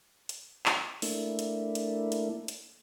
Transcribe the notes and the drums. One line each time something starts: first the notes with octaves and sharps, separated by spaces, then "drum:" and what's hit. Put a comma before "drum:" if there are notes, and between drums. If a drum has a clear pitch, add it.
drum: hi-hat
drum: clap
A3 A#3 D4 E4, drum: open hi-hat
drum: hi-hat
drum: hi-hat
drum: hi-hat
drum: hi-hat